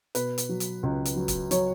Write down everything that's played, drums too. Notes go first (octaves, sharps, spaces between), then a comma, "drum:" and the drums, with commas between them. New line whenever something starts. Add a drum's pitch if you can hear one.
B2 B4, drum: hi-hat
drum: hi-hat
F#3
drum: hi-hat
C#2
drum: hi-hat
F#3
drum: kick, hi-hat
F#3 C#5, drum: hi-hat